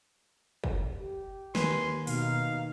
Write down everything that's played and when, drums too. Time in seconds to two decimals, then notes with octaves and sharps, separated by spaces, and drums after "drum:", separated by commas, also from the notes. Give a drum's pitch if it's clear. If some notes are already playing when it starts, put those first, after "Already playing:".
0.64 drum: kick
0.98 G4
1.55 D#2 B4 G#5 C6, drum: snare
2.07 B2 D#4 F5, drum: open hi-hat